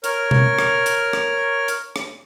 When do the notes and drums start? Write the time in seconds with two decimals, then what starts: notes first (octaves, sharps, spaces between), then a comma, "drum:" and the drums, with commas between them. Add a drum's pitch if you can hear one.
0.04 A#4 C#5 F6, drum: hi-hat
0.31 drum: tom B2
0.59 drum: rim click
0.86 drum: hi-hat
1.13 drum: rim click
1.68 drum: hi-hat
1.96 drum: rim click